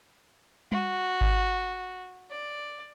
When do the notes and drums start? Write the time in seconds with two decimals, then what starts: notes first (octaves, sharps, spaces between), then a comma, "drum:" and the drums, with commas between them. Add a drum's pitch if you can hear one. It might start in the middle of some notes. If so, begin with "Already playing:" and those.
0.72 F#4, drum: tom G3
1.21 drum: kick G#1
2.31 D5